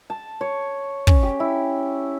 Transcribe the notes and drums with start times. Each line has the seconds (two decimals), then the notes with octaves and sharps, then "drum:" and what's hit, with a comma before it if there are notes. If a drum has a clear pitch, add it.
0.10 A5
0.41 C#5
1.07 C#4, drum: kick
1.23 G4
1.40 E4